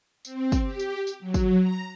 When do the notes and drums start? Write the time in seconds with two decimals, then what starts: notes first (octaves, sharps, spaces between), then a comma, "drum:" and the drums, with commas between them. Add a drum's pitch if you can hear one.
0.25 C4, drum: tambourine
0.52 drum: kick, tambourine
0.62 G4
0.80 drum: tambourine
1.07 drum: tambourine
1.20 F#3
1.34 drum: kick, tambourine
1.59 A#5